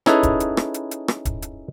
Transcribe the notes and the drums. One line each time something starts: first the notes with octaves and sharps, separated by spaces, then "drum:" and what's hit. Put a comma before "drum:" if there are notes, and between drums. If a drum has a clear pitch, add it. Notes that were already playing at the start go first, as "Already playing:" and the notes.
C#4 D#4 E4 G#4 A4 B4, drum: rim click
drum: kick, hi-hat
drum: hi-hat
drum: rim click
drum: hi-hat
drum: hi-hat
drum: rim click
drum: kick, hi-hat
drum: hi-hat